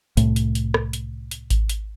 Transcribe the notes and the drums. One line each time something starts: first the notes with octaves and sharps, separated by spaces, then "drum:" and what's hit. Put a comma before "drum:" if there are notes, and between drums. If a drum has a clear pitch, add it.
C2 A2 A3, drum: hi-hat
drum: hi-hat
drum: hi-hat
drum: rim click
drum: hi-hat
drum: hi-hat
drum: kick G#1, hi-hat
drum: hi-hat